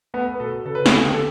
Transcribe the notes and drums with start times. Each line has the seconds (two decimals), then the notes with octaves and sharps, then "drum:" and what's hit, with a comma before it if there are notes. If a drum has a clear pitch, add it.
0.14 A3 B3 B4
0.34 B4
0.40 B2 A4
0.65 C#3 A4
0.75 B4
0.86 A4, drum: snare
0.91 D2
1.05 G4
1.12 A4